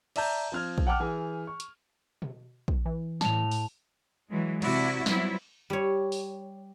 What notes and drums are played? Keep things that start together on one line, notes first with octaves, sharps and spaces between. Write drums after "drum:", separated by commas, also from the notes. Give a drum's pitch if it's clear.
D5 E5 A5 A#5 G6, drum: cymbal
F3 C4 F6 G#6
drum: kick
F#5 G5 A5 D6 F6
E3 G#4 G#5
C#6
drum: hi-hat
drum: tom B2
drum: kick
E3
A2 A5 F7, drum: snare
drum: open hi-hat
E3 F#3 G#3
C3 E4 F#4 D5, drum: cymbal
F#3 G3 B3 C4 E4 F4, drum: snare
G3 C#5
drum: open hi-hat